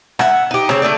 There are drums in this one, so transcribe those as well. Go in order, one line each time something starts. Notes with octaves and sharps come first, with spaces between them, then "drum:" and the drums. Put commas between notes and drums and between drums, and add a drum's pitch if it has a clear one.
E5 F#5, drum: rim click
D#4 G4
C#3 C4 C#5, drum: rim click
D3 A3 A4 D5